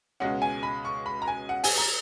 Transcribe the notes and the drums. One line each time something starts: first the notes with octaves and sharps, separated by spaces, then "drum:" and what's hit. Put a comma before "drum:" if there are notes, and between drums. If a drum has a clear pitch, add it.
C#2 B2 G#3 C#4 F#5
G#5
B5
C#6
B5
A#5
G#5
F#5
G#5, drum: open hi-hat
A#5